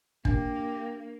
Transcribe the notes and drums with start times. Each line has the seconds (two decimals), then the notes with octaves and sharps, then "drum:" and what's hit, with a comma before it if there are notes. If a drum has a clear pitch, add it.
0.25 A#3 D4 G4, drum: kick